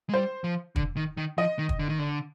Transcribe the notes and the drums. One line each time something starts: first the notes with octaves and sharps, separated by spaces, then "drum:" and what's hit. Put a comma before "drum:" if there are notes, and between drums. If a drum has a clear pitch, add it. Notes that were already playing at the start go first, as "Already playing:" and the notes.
G#3
G3 C5
F3
D3, drum: kick
D#3
D#3
F3 D#5
D#3
drum: kick
D3
D#3
D3